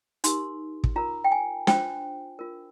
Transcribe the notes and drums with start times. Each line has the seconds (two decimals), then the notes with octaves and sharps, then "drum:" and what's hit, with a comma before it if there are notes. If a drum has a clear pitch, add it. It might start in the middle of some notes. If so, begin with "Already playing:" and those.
0.24 D#4 G4 A#4 C6, drum: hi-hat
0.84 drum: kick
0.96 F4 A#4 A#5
1.24 G5
1.32 G#5
1.67 D4 F4 C5 G5, drum: snare
2.39 F4 A#4